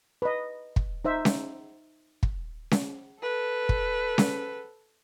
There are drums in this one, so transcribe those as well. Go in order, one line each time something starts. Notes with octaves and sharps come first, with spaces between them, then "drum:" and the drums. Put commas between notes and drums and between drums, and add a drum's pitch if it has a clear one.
B4 D#5
drum: kick
D#4 C5 E5
drum: snare C#4
drum: kick
drum: snare C#4
A4 B4
drum: kick
drum: snare C#4